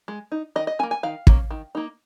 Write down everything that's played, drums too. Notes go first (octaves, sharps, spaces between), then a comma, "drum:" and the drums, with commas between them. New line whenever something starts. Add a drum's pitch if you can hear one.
G#3
D#4
D#3 D#5
D#5
C#4 G#5
A#3
G#5
D#3 F5
A#3 C#4, drum: kick
D#3
A#3 D#4